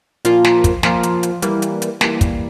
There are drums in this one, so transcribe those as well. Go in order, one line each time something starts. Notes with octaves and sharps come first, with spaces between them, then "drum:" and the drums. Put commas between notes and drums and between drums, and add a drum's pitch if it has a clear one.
A#2 F3 A#3 F4 A#4, drum: hi-hat
drum: snare
drum: kick, hi-hat
A#2 F3 A#3 F4 A#4, drum: snare
drum: hi-hat
drum: hi-hat
E3 G3 A#3, drum: hi-hat
drum: hi-hat
drum: hi-hat
E3 G3 A#3, drum: snare
drum: kick, hi-hat